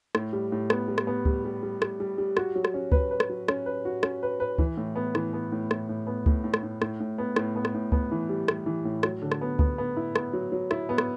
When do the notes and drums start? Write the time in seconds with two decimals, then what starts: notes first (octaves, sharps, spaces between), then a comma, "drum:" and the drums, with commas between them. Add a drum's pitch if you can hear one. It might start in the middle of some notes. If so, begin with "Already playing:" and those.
0.15 A2, drum: rim click
0.33 G3
0.52 A2
0.70 B3, drum: rim click
0.88 G3
0.98 drum: rim click
1.07 B3
1.25 G3, drum: kick C#2
1.45 G3
1.63 G3
1.82 G3, drum: rim click
2.00 G3
2.18 G3
2.37 F#4, drum: rim click
2.55 F#3
2.65 drum: rim click
2.74 C#4
2.92 B4, drum: kick C#2
3.11 B4
3.20 drum: rim click
3.29 F#3
3.48 C#4, drum: rim click
3.66 B4
3.85 F#4
4.03 C#4, drum: rim click
4.23 B4
4.40 B4
4.58 E3, drum: kick C#2
4.77 A2
4.96 B3
5.15 E3, drum: rim click
5.33 B3
5.52 A2
5.71 A2, drum: rim click
5.89 A2
6.07 B3
6.26 A2, drum: kick C#2
6.44 A2
6.54 drum: rim click
6.63 A2
6.82 A2, drum: rim click
7.00 A2
7.18 B3
7.36 A2, drum: rim click
7.56 B3
7.65 drum: rim click
7.74 A2
7.92 B3, drum: kick C#2
8.11 E3
8.29 G3
8.48 G3, drum: rim click
8.66 E3
8.85 A2
9.03 F#3, drum: rim click
9.22 D3
9.32 drum: rim click
9.41 B3
9.59 B3, drum: kick C#2
9.78 B3
9.97 E4
10.16 B3, drum: rim click
10.33 F#3
10.52 F#3
10.71 E4, drum: rim click
10.89 B3
10.98 drum: rim click